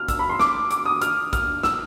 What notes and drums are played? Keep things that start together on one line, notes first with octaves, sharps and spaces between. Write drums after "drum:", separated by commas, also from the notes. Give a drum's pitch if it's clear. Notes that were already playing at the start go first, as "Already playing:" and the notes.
Already playing: F6
E6, drum: kick A1, hi-hat
B5
C6
D6, drum: snare
D6, drum: hi-hat
D#6
F6, drum: hi-hat
F6, drum: kick A1, hi-hat
E6, drum: snare